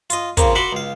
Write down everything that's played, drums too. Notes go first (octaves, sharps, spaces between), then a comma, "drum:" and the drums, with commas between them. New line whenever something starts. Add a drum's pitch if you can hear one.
F4 D#5, drum: hi-hat
A#2 C#3 A#3 C4 C#4, drum: kick, hi-hat
F#4 E5 F#5 B5 C6 D6
C#2 F5